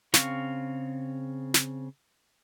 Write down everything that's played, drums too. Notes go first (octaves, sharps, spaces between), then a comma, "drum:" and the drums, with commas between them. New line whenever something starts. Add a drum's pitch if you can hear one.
C#3 C4 F5 C#6, drum: snare
drum: snare